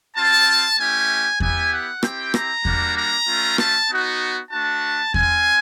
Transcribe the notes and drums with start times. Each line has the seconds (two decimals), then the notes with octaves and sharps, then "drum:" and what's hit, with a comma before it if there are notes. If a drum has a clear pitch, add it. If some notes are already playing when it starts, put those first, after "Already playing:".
0.16 C4 F4 A5
0.78 A3 C#4 E4 G4 G#5
1.40 B3 E4 G4 G#5, drum: kick E2
1.72 F#5
2.03 C4 E4 G4 G5, drum: rim click
2.34 A#5, drum: rim click
2.65 G3 A#3 D4 F#4, drum: kick E2
2.96 A#5
3.27 A3 C#4 F4
3.58 A5, drum: rim click
3.90 B3 D#4 F#4
4.51 A3 D4 F#4 A5
5.14 C4 F4 G#5, drum: kick E2